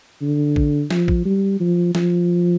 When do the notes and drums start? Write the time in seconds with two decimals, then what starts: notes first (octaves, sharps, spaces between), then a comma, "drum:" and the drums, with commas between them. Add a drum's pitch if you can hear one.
0.22 D3
0.56 drum: kick
0.90 F3, drum: snare
1.08 drum: kick
1.25 G3
1.60 F3
1.95 F3, drum: snare